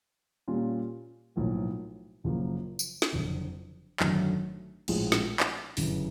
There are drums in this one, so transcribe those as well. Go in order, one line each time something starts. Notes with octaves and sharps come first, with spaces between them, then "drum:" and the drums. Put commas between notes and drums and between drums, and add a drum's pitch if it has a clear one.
A#2 G3 A#3 C#4 F4
B1 A2 F3 A#3
F#1 F#2 C#3 F3 A#3
drum: tambourine
drum: snare
F#1 F2 D3
G#1 F#2 D3 F#3 A3, drum: clap
A#1 A2 F3 G#3, drum: cymbal
drum: snare
drum: clap
G1 F#2 C#3 E3, drum: open hi-hat